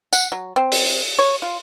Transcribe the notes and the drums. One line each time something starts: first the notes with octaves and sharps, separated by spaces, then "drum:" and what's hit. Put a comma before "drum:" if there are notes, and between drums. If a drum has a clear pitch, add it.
F#5, drum: tambourine
F#3
C4
drum: open hi-hat
C#5
F4